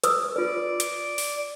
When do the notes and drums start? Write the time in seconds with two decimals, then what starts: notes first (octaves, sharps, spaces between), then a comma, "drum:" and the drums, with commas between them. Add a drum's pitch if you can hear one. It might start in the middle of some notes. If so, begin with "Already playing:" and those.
0.04 B4 D#6 E6, drum: hi-hat
0.36 F4 B4 D5
0.80 drum: hi-hat
1.18 drum: open hi-hat